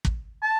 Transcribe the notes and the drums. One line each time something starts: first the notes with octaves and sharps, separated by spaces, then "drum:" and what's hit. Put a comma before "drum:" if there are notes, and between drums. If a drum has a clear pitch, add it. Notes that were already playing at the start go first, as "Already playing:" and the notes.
drum: kick
A5